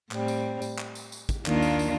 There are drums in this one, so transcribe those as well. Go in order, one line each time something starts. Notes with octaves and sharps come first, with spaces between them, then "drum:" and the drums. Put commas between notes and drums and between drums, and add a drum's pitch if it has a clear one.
A2 G3 C4, drum: clap
drum: tambourine
drum: tambourine
drum: clap
drum: tambourine
drum: tambourine
drum: kick, tambourine
D#2 D#3 A#3 D4 F4, drum: clap
drum: tambourine
drum: tambourine